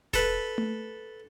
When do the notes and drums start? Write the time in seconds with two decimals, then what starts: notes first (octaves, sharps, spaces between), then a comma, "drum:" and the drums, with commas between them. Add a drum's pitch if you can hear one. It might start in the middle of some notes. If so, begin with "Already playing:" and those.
0.14 A4 B4, drum: snare E1
0.58 drum: tom A3